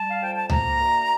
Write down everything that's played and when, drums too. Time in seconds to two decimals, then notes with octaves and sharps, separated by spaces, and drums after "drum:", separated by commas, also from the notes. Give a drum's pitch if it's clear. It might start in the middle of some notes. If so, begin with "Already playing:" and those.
Already playing: G3 A5
0.09 F5
0.21 F2 G5
0.37 A5
0.50 A#3 A#5, drum: tom C#2
0.79 D2